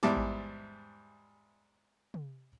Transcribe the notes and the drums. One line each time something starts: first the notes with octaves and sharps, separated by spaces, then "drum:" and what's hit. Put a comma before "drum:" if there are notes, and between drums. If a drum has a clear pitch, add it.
E2 G#2 G3 E4 A5 D6, drum: snare
drum: kick A1
drum: tom